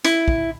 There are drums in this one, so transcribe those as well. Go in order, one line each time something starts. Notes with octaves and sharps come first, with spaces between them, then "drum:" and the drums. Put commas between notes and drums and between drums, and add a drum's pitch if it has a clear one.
E4, drum: hi-hat
drum: kick